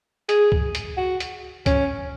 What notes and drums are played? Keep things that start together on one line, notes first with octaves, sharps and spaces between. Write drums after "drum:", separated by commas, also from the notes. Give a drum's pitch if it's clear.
G#4, drum: hi-hat
drum: kick C#2
drum: hi-hat
F#4
drum: hi-hat
C#4, drum: kick C#2, hi-hat